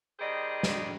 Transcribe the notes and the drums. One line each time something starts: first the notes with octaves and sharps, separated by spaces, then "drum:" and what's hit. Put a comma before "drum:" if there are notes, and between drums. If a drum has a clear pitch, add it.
D#3 G3 G#4 C5 D5 D#5
drum: snare